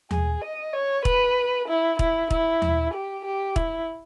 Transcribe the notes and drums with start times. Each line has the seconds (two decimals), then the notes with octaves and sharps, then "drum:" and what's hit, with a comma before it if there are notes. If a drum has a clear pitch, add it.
0.11 G#4, drum: tom D#2
0.42 D#5
0.73 C#5
1.05 B4, drum: kick
1.68 E4
1.99 E4, drum: kick
2.30 E4, drum: kick
2.62 drum: tom D#2
2.93 G4
3.25 G4
3.56 E4, drum: kick